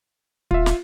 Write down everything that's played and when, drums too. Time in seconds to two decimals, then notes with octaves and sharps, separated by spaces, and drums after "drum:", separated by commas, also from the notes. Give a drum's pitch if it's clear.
0.51 D#1 F4 E5, drum: kick
0.66 drum: snare